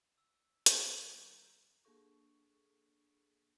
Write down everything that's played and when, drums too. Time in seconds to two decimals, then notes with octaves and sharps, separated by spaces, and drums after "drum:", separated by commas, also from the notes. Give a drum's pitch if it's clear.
0.18 E6
0.66 drum: hi-hat
0.79 D2 F3 A#5 G6 D7
0.96 D#3 G3 B3
1.85 A#3 D4 G#4 A4 C#6